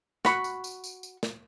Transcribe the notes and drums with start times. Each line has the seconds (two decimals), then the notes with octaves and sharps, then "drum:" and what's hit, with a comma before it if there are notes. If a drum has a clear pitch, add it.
0.25 F#4 B5 C#6, drum: snare
0.44 drum: tambourine
0.64 drum: tambourine
0.84 drum: tambourine
1.03 drum: tambourine
1.23 drum: snare